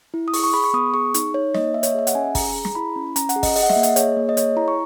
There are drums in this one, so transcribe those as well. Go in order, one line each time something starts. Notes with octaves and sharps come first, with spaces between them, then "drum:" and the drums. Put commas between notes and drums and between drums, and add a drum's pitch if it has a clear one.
E4
D#6
G#4 C#6, drum: open hi-hat
C#6
G#4 B5
C#6
B3 D#6
G#4 C#6
D#4, drum: hi-hat
D#4 C#5
A#3 D#5, drum: snare
A#3 E5
C#5, drum: hi-hat
D#5
G#4 E5
F#5, drum: hi-hat
C#4 G#5
G#4 A#5, drum: kick, open hi-hat
G#4
A#5, drum: snare
E4 B5
C#4
C#4 A#5, drum: hi-hat
F#5, drum: hi-hat
G#4
D#5, drum: kick, open hi-hat
G#4 D#5, drum: open hi-hat
F#5
E5, drum: snare
A#3
D#5, drum: hi-hat
G#4 C#5, drum: hi-hat
A#3
D#5
G#4 C#5, drum: hi-hat
E4 A#5
C#6